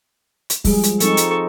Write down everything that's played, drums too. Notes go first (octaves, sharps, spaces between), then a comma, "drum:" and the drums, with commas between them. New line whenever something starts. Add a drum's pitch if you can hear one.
drum: hi-hat
F3 G3 G#3 G#4, drum: kick, open hi-hat
drum: hi-hat
F3 C4 D#4 A4 C#6, drum: hi-hat
drum: hi-hat